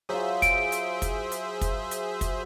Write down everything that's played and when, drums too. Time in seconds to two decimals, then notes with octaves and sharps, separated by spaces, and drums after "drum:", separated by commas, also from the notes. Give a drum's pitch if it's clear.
0.09 F#3 F4 G#4 C5 E5
0.42 D7, drum: kick, hi-hat
0.72 drum: hi-hat
1.02 drum: kick, hi-hat
1.32 drum: hi-hat
1.61 drum: kick, hi-hat
1.91 drum: hi-hat
2.21 drum: kick, hi-hat